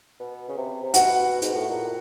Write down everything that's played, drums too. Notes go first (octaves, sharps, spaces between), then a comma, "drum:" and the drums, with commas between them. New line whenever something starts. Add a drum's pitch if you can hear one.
B2
C#3
C3
C3
B2 F#4 F#5, drum: hi-hat
G#2, drum: hi-hat
A2
A#2